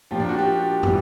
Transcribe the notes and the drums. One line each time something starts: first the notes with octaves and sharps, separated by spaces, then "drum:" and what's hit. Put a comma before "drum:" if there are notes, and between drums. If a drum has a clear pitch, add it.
A#2 F3 G4
D4
F#4
G4
E3 G3, drum: tom